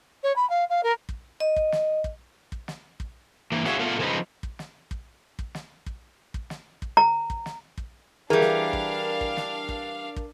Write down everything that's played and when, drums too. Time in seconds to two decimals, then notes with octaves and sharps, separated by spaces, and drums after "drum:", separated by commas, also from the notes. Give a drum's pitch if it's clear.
0.23 C#5
0.36 B5
0.49 F5
0.69 F5
0.83 A#4
1.09 drum: kick
1.40 D#5
1.56 drum: kick
1.72 drum: snare
2.04 drum: kick
2.52 drum: kick
2.68 drum: snare
3.00 drum: kick
3.52 E3 A#3
3.65 E4 F#4 G#4 C#5 E5 F5, drum: snare
3.79 A3 B3 F4 A#4
3.99 C#3 F3 A3 C4 D#4 B4
4.43 drum: kick
4.59 drum: snare
4.91 drum: kick
5.39 drum: kick
5.55 drum: snare
5.86 drum: kick
6.34 drum: kick
6.50 drum: snare
6.82 drum: kick
6.97 A#5
7.30 drum: kick
7.46 drum: snare
7.78 drum: kick
8.30 E3 G3 D4 G#4 A#4 F5
8.41 drum: snare
8.73 drum: kick
9.21 drum: kick
9.37 drum: snare
9.69 drum: kick
10.16 drum: kick